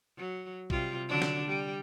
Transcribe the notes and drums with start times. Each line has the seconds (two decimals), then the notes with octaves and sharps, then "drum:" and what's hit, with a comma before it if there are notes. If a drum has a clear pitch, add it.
0.18 F#3
0.70 C3 G3 F4, drum: kick
1.08 D3 F#3 D4
1.22 drum: snare
1.46 G3